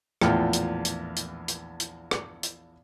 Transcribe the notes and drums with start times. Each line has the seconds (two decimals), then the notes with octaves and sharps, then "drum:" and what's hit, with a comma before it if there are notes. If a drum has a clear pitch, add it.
0.21 A#1 E2 A2 F4 G5 F6, drum: rim click
0.53 drum: hi-hat
0.85 drum: hi-hat
1.16 drum: hi-hat
1.48 drum: hi-hat
1.80 drum: hi-hat
2.11 drum: rim click
2.43 drum: hi-hat